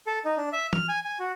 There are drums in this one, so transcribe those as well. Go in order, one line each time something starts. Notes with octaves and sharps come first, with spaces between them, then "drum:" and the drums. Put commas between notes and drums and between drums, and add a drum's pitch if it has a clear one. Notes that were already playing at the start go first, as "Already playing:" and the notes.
A4
D#4
D4
E5
F6, drum: tom E3
G#5
G#5
F#4